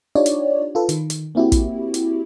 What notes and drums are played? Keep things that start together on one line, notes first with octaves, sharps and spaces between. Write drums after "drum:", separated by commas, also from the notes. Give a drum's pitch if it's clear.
D4 D#4 F4 G4 C#5 D5
drum: hi-hat
F4 A4 B4
D#3, drum: hi-hat
drum: hi-hat
A#3 C4 E4 F#4 G4
drum: kick, hi-hat
drum: hi-hat